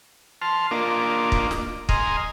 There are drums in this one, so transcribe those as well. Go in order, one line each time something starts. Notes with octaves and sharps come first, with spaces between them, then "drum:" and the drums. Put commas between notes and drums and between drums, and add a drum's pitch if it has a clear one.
A5 C6 F6
A#3 D4 F4 A#4 D#5 D6
drum: kick
drum: snare
D#5 G#5 A#5 C6 D#6 F6, drum: kick